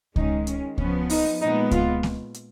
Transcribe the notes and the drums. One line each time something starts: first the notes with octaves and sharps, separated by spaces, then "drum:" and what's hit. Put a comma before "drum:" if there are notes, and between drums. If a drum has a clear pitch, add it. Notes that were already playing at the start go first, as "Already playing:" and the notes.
D#3 G#3 C#4 D#4, drum: kick C#2
C#4, drum: hi-hat
F3 B3 C#4, drum: kick C#2
D#4, drum: open hi-hat
A#2 G#3 B3 D#4
F4, drum: kick C#2, hi-hat
drum: snare A#3
drum: hi-hat